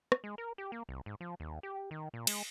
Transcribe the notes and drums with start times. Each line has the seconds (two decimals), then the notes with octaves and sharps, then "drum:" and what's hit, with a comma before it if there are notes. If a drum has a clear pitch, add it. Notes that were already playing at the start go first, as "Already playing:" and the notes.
0.12 drum: rim click
0.24 G#3
0.38 A#4
0.58 G4
0.72 A#3
0.89 C2
1.06 G#2
1.21 F3
1.40 D#2
1.63 G4
1.91 D#3
2.14 A#2
2.27 G#3, drum: cymbal